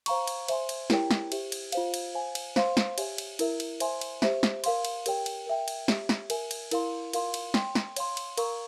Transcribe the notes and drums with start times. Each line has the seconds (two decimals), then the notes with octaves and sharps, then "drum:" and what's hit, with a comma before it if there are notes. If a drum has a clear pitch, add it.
0.06 C5 F5 A#5 C#6, drum: cymbal
0.27 drum: cymbal
0.48 C5 E5 G#5 C6, drum: cymbal
0.69 drum: cymbal
0.90 E4 G4 A#4 C#5 G5, drum: snare
1.11 drum: snare
1.32 G4 C5 E5, drum: cymbal
1.52 drum: cymbal
1.72 F4 C5 F5, drum: cymbal
1.94 drum: cymbal
2.14 C5 F5 G#5
2.35 drum: cymbal
2.56 C5 F5 C6, drum: snare
2.77 drum: snare
2.98 G4 C#5 E5 G#5, drum: cymbal
3.18 drum: cymbal
3.39 E4 A#4 E5, drum: cymbal
3.60 drum: cymbal
3.80 C5 E5 G#5 C6, drum: cymbal
4.01 drum: cymbal
4.22 G4 C5 E5, drum: snare
4.43 drum: snare
4.64 A#4 F5 C6, drum: cymbal
4.85 drum: cymbal
5.06 G4 A#4 C#5 G5, drum: cymbal
5.26 drum: cymbal
5.46 A#4 E5 G5
5.68 drum: cymbal
5.88 G4 C#5 E5, drum: snare
6.09 drum: snare
6.30 A#4 E5 G#5, drum: cymbal
6.51 drum: cymbal
6.71 E4 A#4 F5 C6, drum: cymbal
7.13 F4 A#4 F5 C6, drum: cymbal
7.34 drum: cymbal
7.54 C#5 G5 C6, drum: snare
7.75 drum: snare
7.96 C#5 F5 C6, drum: cymbal
8.17 drum: cymbal
8.37 A#4 F5 A#5 C#6, drum: cymbal